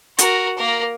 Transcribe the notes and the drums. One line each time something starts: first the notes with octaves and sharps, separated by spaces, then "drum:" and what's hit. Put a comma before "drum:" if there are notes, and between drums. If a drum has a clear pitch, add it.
F#4 A#4, drum: hi-hat
A#3 A#4